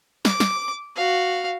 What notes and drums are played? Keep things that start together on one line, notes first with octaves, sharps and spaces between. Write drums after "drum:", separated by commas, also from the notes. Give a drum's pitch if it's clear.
D6, drum: snare
drum: snare
F#4 F5